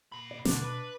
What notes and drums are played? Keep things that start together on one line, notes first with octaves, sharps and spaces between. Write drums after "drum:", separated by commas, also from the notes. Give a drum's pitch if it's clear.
A#2 B5
D5
D2 B2 D4, drum: snare
B4 B5